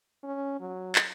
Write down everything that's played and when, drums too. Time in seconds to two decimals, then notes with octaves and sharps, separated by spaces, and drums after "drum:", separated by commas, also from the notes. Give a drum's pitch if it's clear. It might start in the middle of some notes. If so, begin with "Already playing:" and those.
0.24 C#4
0.60 F#3
0.95 drum: clap